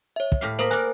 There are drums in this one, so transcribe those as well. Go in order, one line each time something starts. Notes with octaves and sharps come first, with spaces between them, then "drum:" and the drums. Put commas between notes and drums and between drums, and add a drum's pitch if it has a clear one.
C#5 E5
drum: kick
A2 G4 F5
A#3 C5 B5 D#6 A#6
A#4 D5 G#5 F#6